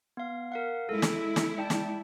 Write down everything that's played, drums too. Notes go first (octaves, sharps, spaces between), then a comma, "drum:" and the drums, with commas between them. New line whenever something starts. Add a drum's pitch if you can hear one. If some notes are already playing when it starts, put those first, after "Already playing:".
B3 F5
A#4 F5 F#5
G#3 E4 A4
drum: snare
drum: snare
D5 G5 A5
drum: snare